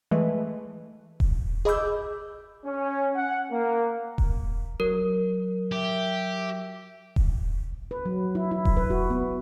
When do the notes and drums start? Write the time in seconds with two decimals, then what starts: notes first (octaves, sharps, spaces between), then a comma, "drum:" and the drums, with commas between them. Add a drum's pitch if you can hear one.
0.11 E3 G#3 A3 B4
1.20 drum: kick D#1
1.65 G#4 D#5 B5 D6 E6 G6
2.65 C#4
3.16 F#5
3.51 A#3
4.18 drum: kick D#1
4.80 F#3 A#4
5.72 G4 E5
7.16 drum: kick D#1
7.91 B4
8.06 F#3
8.35 E4
8.51 E4
8.65 drum: kick D#1
8.77 B4
8.90 F#4
9.10 B3